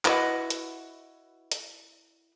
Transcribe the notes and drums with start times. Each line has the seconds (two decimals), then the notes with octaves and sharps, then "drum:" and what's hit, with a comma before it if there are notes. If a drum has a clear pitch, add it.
0.05 E4 F#4 B4 C#5 D#5 F#5, drum: clap
0.50 drum: hi-hat
1.52 drum: hi-hat